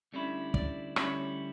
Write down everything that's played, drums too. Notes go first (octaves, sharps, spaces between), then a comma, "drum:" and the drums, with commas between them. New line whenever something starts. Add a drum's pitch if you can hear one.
D2 D3 G3 C#4 E4
D5, drum: kick
D2 D3 G3 C#4 E4 C#5, drum: rim click